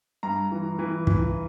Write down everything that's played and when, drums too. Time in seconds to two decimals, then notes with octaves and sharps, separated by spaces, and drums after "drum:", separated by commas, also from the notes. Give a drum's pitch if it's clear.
0.23 G2 A#5
0.52 E3
0.79 E3
1.07 E3, drum: kick